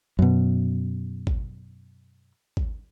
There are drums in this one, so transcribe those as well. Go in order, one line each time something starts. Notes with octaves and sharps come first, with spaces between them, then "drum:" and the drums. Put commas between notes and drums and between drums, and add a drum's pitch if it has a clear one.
F#2 B2
drum: kick G#1
drum: kick G#1